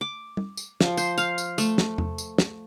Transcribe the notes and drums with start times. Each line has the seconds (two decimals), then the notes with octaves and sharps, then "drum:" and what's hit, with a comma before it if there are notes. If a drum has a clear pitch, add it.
0.01 D6
0.37 drum: tom
0.57 drum: tambourine
0.81 F3, drum: snare
0.97 C5, drum: tambourine
1.18 F5, drum: tambourine
1.38 drum: tambourine
1.58 A3, drum: tambourine
1.78 drum: snare
1.98 drum: tom E2
2.18 drum: tambourine
2.38 drum: snare